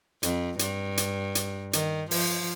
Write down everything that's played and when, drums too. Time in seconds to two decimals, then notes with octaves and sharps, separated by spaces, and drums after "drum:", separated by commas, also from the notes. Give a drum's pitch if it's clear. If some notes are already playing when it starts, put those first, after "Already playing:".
0.23 F2, drum: hi-hat
0.59 G2, drum: hi-hat
0.98 drum: hi-hat
1.35 drum: hi-hat
1.73 D#3, drum: hi-hat
2.11 F3, drum: open hi-hat